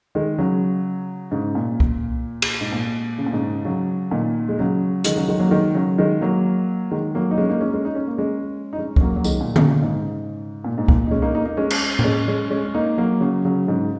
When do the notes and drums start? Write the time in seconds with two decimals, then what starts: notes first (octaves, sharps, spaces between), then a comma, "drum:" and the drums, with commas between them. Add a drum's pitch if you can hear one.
0.15 D#3 G#3
0.38 C#3 F#3
1.31 G#2 C#3
1.55 A#2
1.80 drum: kick C2
2.42 drum: cymbal
2.61 G#2
2.72 A#2
3.18 C#3
3.27 A#2
3.33 G#2 C#3
3.65 C#3 F#3
4.11 A#2 D#3
4.49 G#3
4.59 C#3 F#3
5.04 D#3 G#3, drum: hi-hat
5.16 C#3 F#3
5.28 D#3 G#3
5.39 F#3 A#3
5.51 D#3 G#3
5.75 C#3 F#3
5.98 D#3 G#3
6.21 F#3 A#3
6.91 D#3 G#3
7.15 F#3 A#3
7.31 D#4
7.38 G#3 C#4
7.49 A#3 D#4
7.61 G#3 C#4
7.73 G#3 C#4
7.85 D#4
7.95 C#4
8.07 A#3
8.18 G#3 C#4
8.73 D#4
8.78 G#3 C#4
8.96 C#4, drum: kick C2
9.01 F#3 A#3
9.16 F#3
9.24 D#3 G#3, drum: tambourine
9.41 A#2
9.56 C#3, drum: tom D3
9.69 A#2
9.82 G#2 C#3
10.64 A#2
10.78 G#2
10.88 A#2, drum: kick C2
11.07 D#4
11.11 G#3 C#4
11.22 A#3 D#4
11.35 A#3 D#4
11.46 A#3 D#4
11.57 G#3 C#4
11.70 drum: cymbal
11.99 A#3, drum: tom A2
12.04 G#3 C#4
12.28 G#3 C#4
12.50 G#3 C#4
12.65 C#4
12.74 A#3 D#4
12.97 F#3 A#3
13.20 C#3 F#3
13.45 C#3 F#3
13.67 G#2 C#3